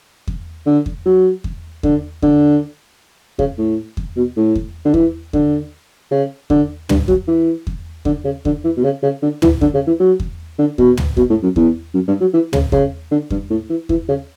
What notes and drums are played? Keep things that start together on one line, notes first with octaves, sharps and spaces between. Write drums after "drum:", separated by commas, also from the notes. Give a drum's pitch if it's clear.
drum: kick E2
D3
drum: kick E2
F#3
drum: kick E2
D3, drum: kick E2
D3, drum: kick E2
C#3, drum: kick E2
A2
drum: kick E2
B2
A2
drum: kick E2
D3
E3, drum: kick E2
D3, drum: kick E2
C#3
D3, drum: kick E2
G2, drum: tom
F#3, drum: kick E2
E3
drum: kick E2
D3, drum: kick E2
C#3
D3, drum: kick E2
E3
B2
C#3
C#3
D3
E3, drum: tom
D3, drum: kick E2
C#3
E3
F#3
drum: kick E2
D3
B2, drum: kick E2
drum: tom
B2, drum: kick E2
A2
F#2
E2, drum: kick E2
F#2
G2
F#3
E3
C#3, drum: tom
C#3, drum: kick E2
D3
G2, drum: kick E2
A2
E3
E3, drum: kick E2
C#3